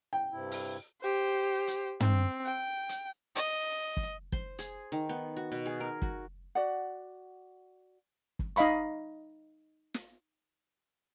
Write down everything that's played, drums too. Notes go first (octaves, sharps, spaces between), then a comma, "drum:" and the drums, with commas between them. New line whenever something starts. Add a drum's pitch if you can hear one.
G5
G2 C3 E4
drum: open hi-hat
G4 C5
drum: hi-hat
C4, drum: tom
G5
drum: hi-hat
D#5, drum: hi-hat
drum: kick
C5, drum: kick
G#4, drum: hi-hat
D#3
B3
F#4
B2
G#4
A#4
F#4, drum: kick
F#4 D5 F#5
drum: kick
D#4 D#5 F5 B5 C#6, drum: hi-hat
drum: snare